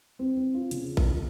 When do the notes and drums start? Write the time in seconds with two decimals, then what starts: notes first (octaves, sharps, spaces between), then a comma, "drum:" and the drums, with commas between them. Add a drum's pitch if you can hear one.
0.19 C4
0.37 C4
0.54 F4
0.71 C#3, drum: hi-hat
0.97 drum: kick A1